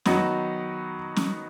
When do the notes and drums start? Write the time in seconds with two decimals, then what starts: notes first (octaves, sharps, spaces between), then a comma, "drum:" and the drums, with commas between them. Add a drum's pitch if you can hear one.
0.05 D#3 F#3 B3 D#4 F#4, drum: snare
1.16 drum: snare